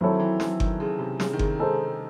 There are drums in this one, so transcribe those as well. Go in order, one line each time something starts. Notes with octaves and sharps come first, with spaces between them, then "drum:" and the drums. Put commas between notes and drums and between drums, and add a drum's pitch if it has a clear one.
D#3 F#3 C4 E4 A4 C#5
E3
E3, drum: snare
D#3, drum: kick G1
C#3
C3
C#3, drum: snare
D#3
C#3, drum: kick G1
G#3 D#4 A4 C5